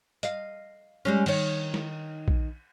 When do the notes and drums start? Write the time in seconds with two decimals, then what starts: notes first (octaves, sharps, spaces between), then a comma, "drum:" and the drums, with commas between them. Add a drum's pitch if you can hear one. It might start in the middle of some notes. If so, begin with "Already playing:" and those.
0.23 D#5 F5, drum: hi-hat
1.05 G3 G#3 C#4
1.26 D#3 C#5, drum: cymbal
1.74 drum: snare
2.28 drum: kick A#1